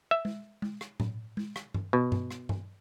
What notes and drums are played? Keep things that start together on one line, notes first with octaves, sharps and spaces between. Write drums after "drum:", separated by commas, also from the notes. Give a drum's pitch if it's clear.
E5
drum: tom G#3
drum: tom G#3
drum: rim click
drum: tom A2
drum: tom G#3
drum: rim click
drum: tom G2
B2
drum: tom G2
drum: rim click
drum: tom G2